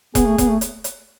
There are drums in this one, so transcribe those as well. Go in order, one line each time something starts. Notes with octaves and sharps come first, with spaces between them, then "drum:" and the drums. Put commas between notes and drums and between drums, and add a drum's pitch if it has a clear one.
B3 G#4, drum: kick E1, hi-hat
A3
B3, drum: kick E1, hi-hat
A3
drum: hi-hat
drum: hi-hat